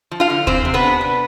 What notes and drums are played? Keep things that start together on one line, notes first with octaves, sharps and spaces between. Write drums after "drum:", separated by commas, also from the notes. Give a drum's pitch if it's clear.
F3
F4 F5
D3
E3 C4 C5, drum: kick
C3
B3 B4
D4
B3